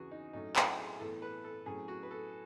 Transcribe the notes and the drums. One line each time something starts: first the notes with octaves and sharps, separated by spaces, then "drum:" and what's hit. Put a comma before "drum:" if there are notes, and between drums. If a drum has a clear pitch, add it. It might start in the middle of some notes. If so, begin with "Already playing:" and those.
Already playing: E2 C#3 E3 B3 F#4 G#4
D#4
A2 F#3 A3 C#4 D#4
E4, drum: clap
G#4
A2 E3 B3 A4
B4
A4
A2 F#3 C#4 G#4
F#4
B4
A4